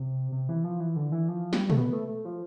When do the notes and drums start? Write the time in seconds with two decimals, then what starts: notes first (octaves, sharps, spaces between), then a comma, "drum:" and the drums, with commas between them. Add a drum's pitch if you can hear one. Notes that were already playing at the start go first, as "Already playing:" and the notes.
Already playing: C3
0.32 C3
0.49 E3
0.64 F3
0.80 E3
0.96 D3
1.12 E3
1.29 F3
1.53 G3, drum: snare
1.70 A3, drum: tom
1.77 B3
1.93 A3
2.08 A3
2.25 F3